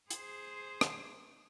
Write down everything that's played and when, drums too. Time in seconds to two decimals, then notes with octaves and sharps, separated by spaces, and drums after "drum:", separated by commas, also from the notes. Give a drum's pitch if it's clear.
0.10 G#4 C5, drum: hi-hat
0.81 drum: rim click